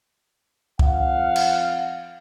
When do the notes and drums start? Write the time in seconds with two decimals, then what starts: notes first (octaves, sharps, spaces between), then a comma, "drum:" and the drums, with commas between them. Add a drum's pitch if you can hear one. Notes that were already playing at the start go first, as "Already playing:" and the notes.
0.79 F2 F5 F#5, drum: kick
1.36 drum: cymbal